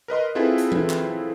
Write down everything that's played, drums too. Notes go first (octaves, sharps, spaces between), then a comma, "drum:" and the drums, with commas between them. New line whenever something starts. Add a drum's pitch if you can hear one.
A#4 B4 D#5 C6
C4 E4 F4 G#4 A4 B4
drum: hi-hat
drum: tom E3
drum: clap